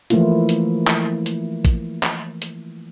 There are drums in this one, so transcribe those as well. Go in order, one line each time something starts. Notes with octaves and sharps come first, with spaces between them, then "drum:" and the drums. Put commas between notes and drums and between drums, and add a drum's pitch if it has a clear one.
E3 F3 A3 A#3 E4 F4, drum: hi-hat
drum: hi-hat
drum: clap
drum: hi-hat
drum: kick, hi-hat
drum: clap
drum: hi-hat